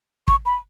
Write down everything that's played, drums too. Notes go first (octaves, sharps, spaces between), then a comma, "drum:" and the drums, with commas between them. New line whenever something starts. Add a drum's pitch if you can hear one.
C#6, drum: kick
B5